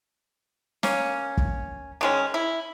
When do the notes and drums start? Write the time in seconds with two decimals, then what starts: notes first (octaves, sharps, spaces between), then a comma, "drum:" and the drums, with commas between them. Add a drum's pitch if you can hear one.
0.83 A#3 C#4, drum: snare
1.38 drum: kick
2.01 D#3 G#3 C#4
2.34 E4